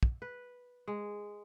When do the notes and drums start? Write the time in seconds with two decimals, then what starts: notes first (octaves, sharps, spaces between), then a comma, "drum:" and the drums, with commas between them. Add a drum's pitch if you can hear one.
0.03 drum: kick
0.22 B4
0.87 G#3